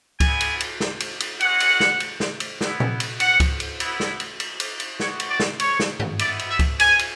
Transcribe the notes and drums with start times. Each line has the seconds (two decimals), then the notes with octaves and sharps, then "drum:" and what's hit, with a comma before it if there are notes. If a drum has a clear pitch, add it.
0.20 B3 E4 G#5, drum: kick C#2, cymbal
0.41 drum: cymbal
0.60 drum: cymbal
0.80 drum: snare
1.00 drum: cymbal
1.20 drum: cymbal
1.40 G#3 C#4 F#4 F#5, drum: cymbal
1.60 drum: cymbal
1.80 drum: snare
2.00 drum: cymbal
2.20 drum: snare
2.40 drum: cymbal
2.61 B3 E4, drum: snare
2.80 drum: tom A#2
3.00 drum: cymbal
3.20 F#5, drum: cymbal
3.40 drum: kick C#2, cymbal
3.60 drum: cymbal
3.80 B3 E4, drum: cymbal
4.00 drum: snare
4.20 drum: cymbal
4.40 drum: cymbal
4.60 drum: cymbal
4.80 drum: cymbal
5.00 B3 F#4 C#5, drum: snare
5.20 drum: cymbal
5.30 D5
5.40 drum: snare
5.60 C#5, drum: cymbal
5.80 drum: snare
5.99 drum: tom G2
6.19 B3 E4 D5, drum: cymbal
6.39 drum: cymbal
6.50 E5
6.59 drum: kick C#2, cymbal
6.80 G#5, drum: cymbal
6.99 drum: cymbal